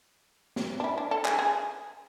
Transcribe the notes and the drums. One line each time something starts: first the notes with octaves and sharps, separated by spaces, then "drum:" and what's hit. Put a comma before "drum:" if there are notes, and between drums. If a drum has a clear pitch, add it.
drum: snare
D4
E4
D4
A4
G#4, drum: clap
G#4